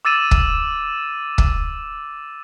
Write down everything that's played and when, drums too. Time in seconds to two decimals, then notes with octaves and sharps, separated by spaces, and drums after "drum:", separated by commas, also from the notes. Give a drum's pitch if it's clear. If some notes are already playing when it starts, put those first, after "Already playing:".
0.05 D6 E6 A6 D#7 E7
0.31 drum: kick
1.38 drum: kick